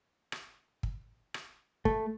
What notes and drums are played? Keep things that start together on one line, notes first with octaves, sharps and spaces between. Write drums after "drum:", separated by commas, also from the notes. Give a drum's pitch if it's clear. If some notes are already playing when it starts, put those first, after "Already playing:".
drum: rim click
drum: kick
drum: rim click
A3, drum: kick